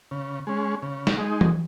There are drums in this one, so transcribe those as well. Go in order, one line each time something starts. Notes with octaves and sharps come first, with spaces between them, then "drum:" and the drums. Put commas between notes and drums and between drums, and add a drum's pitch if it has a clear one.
C#3
G#3 C#4
C#3
drum: snare
G#3 D#4
drum: tom